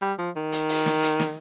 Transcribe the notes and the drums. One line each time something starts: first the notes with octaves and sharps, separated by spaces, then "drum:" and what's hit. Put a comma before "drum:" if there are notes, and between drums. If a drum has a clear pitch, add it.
G3
F3
D#3
drum: hi-hat
drum: open hi-hat
drum: snare
drum: hi-hat
drum: snare